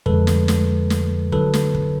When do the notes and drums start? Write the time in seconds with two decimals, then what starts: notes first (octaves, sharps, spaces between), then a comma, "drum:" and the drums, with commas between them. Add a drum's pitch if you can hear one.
0.06 F2 D3 F3 G#3 A4 B4, drum: kick
0.27 drum: snare
0.48 drum: snare
0.90 drum: snare
1.32 D3 F#3 A4 B4, drum: kick
1.54 drum: snare
1.75 drum: kick